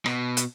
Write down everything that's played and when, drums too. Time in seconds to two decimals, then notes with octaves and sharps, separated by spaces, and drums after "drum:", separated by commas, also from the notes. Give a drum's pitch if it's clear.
0.06 B2, drum: rim click
0.37 drum: hi-hat